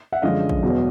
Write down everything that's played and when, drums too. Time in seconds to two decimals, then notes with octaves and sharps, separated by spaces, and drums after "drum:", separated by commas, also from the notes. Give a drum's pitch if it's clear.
0.12 E5 F#5
0.22 F#2 D3 F3 G#3 D#5 F5
0.49 drum: kick
0.62 E1 E2 B2 F#3